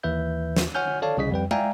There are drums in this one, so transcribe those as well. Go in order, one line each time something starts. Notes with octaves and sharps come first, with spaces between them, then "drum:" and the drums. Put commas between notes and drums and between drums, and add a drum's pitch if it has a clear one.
D#2 E3 B4 E5 G6
drum: snare
C#5 F#5 G#5 F6 G6
A4 C#5 D5 F5 A5
C2 C#3 D#5 B6
F2 G3 B4 G5
D5 E5 F5 G5 G#5 A#5, drum: tom